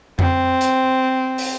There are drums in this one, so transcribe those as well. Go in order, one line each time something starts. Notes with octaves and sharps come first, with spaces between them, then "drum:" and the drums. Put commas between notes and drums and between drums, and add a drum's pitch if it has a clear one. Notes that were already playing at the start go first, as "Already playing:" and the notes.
C4, drum: tom F2
drum: hi-hat
drum: open hi-hat